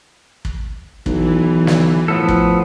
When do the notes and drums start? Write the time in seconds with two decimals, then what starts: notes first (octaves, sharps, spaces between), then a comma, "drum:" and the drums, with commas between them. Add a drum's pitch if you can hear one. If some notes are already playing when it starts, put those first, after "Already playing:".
0.45 drum: kick
1.06 B1 E3, drum: kick
1.67 drum: snare
2.08 A2 F3 B3 A4
2.28 drum: kick